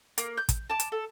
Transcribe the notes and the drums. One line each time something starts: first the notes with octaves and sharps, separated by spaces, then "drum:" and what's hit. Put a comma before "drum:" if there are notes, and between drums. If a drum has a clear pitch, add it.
A#3, drum: hi-hat
G6
drum: kick, hi-hat
A5 D6
drum: hi-hat
A4